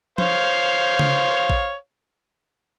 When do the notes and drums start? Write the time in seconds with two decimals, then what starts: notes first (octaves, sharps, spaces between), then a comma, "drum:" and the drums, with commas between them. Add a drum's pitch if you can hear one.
0.18 C5 C#5 F5, drum: tom F3
0.99 drum: tom C#3
1.50 drum: kick A#1